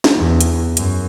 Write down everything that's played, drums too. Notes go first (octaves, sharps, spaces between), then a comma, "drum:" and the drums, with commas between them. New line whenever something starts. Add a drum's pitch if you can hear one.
drum: snare
E2
drum: hi-hat
F#2, drum: hi-hat